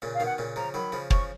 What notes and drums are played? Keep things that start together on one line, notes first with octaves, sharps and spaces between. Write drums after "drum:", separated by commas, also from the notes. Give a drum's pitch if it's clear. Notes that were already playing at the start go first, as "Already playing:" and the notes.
A#2 C#3
F5
B2 D#3
F#5
A#2 C#3
C#3 F3 A#5
D#3 F#3 B5
C#3 F3
C#3 F3 C#6, drum: kick